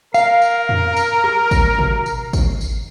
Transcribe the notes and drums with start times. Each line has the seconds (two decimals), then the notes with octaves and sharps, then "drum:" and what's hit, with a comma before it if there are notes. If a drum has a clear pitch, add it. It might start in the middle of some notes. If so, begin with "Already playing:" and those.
0.14 A#4 F5, drum: tambourine
0.42 drum: tambourine
0.69 drum: tom F2
0.97 drum: tambourine
1.24 drum: rim click
1.51 drum: kick, tambourine
1.79 drum: tom B2
2.06 drum: tambourine
2.33 drum: kick, tambourine
2.61 drum: tambourine